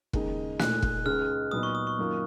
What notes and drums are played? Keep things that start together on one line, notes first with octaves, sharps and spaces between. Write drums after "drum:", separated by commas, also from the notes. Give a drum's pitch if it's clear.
D#2 C#3 G#3 D#4, drum: kick F1
A#2 G#3 D#4 G#4 F#6, drum: snare
drum: kick F1
C#2 C#3 G#3 D#4 G#4 F6
A#2 F#3 B3 D#4 D#6
C#6
D#6
C#6
F#2 D#3 A#3 F4